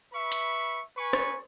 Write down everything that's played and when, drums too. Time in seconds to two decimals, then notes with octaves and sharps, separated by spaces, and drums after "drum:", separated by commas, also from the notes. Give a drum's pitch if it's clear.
0.13 B4 E5 B5 C#6
0.32 drum: hi-hat
0.97 B4 G#5 C#6
1.13 drum: rim click